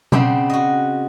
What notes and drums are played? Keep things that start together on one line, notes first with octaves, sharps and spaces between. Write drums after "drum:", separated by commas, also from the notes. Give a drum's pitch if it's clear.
C#3 B3 C4 D4 G4, drum: tom B2
F#4 D#5